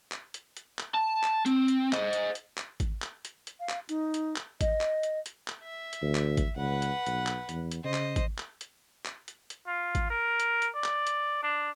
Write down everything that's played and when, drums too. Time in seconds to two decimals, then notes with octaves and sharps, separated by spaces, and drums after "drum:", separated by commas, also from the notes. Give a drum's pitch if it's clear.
0.12 drum: clap
0.34 drum: hi-hat
0.57 drum: hi-hat
0.79 drum: clap
0.95 A5
1.24 drum: clap
1.46 C4, drum: hi-hat
1.68 drum: hi-hat
1.93 C5 D#5, drum: clap
2.13 drum: hi-hat
2.35 drum: hi-hat
2.58 drum: clap
2.80 drum: kick G#1, hi-hat
3.02 drum: clap
3.25 drum: hi-hat
3.47 drum: hi-hat
3.60 F5
3.69 drum: clap
3.89 D#4, drum: hi-hat
4.14 drum: hi-hat
4.36 drum: clap
4.61 D#5, drum: kick G#1, hi-hat
4.81 drum: clap
5.03 drum: hi-hat
5.26 drum: hi-hat
5.48 drum: clap
5.64 E5
5.93 drum: hi-hat
6.02 D2
6.15 drum: clap
6.37 drum: kick G#1, hi-hat
6.56 C#2 B4 F#5
6.82 drum: hi-hat
7.06 B1, drum: hi-hat
7.27 drum: clap
7.49 E2, drum: hi-hat
7.71 drum: hi-hat
7.84 C#3 C5 D#5
7.94 drum: clap
8.16 drum: kick G#1, hi-hat
8.39 drum: clap
8.61 drum: hi-hat
9.06 drum: clap
9.28 drum: hi-hat
9.50 drum: hi-hat
9.67 F4
9.95 drum: kick G#1, hi-hat
10.10 A#4
10.40 drum: hi-hat
10.62 drum: hi-hat
10.75 D5
10.84 drum: clap
11.07 drum: hi-hat
11.43 D4